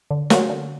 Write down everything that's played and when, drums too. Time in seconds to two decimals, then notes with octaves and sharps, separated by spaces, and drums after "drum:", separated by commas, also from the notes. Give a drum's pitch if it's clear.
0.11 D3
0.30 G3 A#3 C#4 F#4, drum: snare
0.49 D3